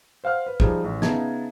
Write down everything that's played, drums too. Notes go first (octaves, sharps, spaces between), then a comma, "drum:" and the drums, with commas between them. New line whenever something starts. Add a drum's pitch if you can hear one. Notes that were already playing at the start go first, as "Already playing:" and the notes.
C5 F5 F#5 F6 F#6
B4
F3 G3 D#4 G#4, drum: kick
A1
C#3 B3 D#4 E5 A5 G#6, drum: snare